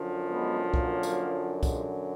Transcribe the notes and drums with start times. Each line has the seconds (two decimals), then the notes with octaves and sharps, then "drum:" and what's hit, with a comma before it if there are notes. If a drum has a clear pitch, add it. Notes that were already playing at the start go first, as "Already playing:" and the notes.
Already playing: F#2 D3 F3
0.28 G#3 B3
0.74 F#3 A#3, drum: kick C2
1.03 drum: tambourine
1.63 F3 G#3, drum: kick C2, tambourine